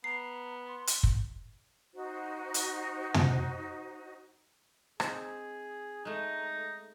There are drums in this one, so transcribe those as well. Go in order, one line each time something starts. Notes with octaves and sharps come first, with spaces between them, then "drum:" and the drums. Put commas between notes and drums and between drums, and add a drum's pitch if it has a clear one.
B3 A#5 C7
C6
drum: hi-hat
drum: kick
D#4 F#4 C5
drum: hi-hat
drum: tom
C4 D#4 G#4, drum: rim click
G#3 A3 D#4 A#5